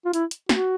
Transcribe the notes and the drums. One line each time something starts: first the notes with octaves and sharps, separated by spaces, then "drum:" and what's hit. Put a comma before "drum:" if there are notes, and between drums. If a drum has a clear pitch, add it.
F4
E4, drum: hi-hat
drum: hi-hat
F#4, drum: snare